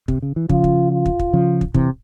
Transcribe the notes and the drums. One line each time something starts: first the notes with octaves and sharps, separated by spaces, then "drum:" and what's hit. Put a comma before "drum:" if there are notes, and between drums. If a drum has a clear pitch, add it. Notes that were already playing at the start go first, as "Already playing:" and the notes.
C3, drum: kick
C#3
E3
C#3 F3 F4, drum: kick
drum: kick
F4
drum: kick
drum: kick
C#3 F3
drum: kick
C3 E3, drum: kick